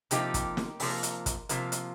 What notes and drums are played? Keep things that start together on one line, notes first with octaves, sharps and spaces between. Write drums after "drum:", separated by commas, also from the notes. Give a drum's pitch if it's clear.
C3 F3 A#3 D#4 G4, drum: hi-hat
drum: kick, hi-hat
drum: snare
C3 F3 A#3, drum: open hi-hat
drum: hi-hat
drum: kick, hi-hat
C3 F3 A#3, drum: hi-hat
drum: hi-hat